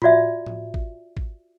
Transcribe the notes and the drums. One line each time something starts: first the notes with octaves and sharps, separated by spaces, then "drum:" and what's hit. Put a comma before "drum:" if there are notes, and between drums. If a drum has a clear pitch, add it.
F4 F#4 D5 E5, drum: tom A2
drum: tom A2
drum: kick
drum: kick